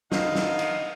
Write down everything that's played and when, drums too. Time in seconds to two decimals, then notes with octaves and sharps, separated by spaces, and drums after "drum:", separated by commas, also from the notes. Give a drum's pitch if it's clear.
0.12 D3 D#3 B3 D#4 F5, drum: snare
0.35 drum: snare
0.59 drum: cymbal